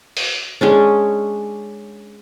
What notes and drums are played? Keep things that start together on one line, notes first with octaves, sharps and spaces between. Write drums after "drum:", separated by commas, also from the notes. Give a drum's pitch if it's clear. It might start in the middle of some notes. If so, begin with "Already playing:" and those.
drum: open hi-hat
G#3 C#4 D4